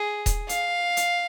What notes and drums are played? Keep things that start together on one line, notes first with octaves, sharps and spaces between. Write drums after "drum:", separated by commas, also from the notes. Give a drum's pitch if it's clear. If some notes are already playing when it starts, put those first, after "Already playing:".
Already playing: G#4
drum: kick D#1, hi-hat
F5, drum: hi-hat
drum: hi-hat